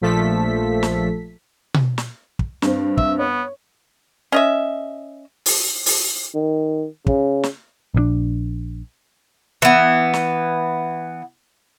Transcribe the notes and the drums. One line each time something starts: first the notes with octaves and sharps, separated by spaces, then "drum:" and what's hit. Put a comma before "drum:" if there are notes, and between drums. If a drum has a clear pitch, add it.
A#1 A#2 F3 A3 A4 B6
drum: snare
drum: tom B2
drum: snare
drum: kick
G2 C4, drum: snare
E5, drum: kick
B3 C#5
C#4 D#5 E5
drum: open hi-hat
drum: open hi-hat
D#3
C#3, drum: kick
drum: snare
A#1 D3 D4
E3 B3
drum: snare